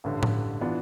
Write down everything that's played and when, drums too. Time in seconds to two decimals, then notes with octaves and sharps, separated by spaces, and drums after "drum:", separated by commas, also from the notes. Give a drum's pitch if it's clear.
0.04 A1 G2 D3
0.23 drum: tom A2
0.61 E3 B3 D4 F4